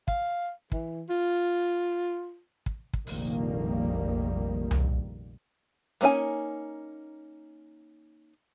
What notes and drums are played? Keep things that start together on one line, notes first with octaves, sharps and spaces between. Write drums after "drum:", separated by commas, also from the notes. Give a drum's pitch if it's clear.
F5, drum: kick
E3, drum: kick
F4
drum: kick
drum: kick
F1 A#1 D#3 G3 A#3, drum: open hi-hat
drum: tom C2
G#3 A#3 C#4 D#4 G#5, drum: hi-hat